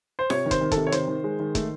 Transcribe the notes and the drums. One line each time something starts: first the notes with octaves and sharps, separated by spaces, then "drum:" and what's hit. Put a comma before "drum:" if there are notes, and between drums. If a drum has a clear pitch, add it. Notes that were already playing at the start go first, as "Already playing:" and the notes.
C5
C3 C#5, drum: snare F4
D#3
C5, drum: kick, hi-hat
D#3
C3 A4, drum: kick, hi-hat
C#5
D#3 C5, drum: hi-hat
D#3
G#3
D#3
A3, drum: kick, hi-hat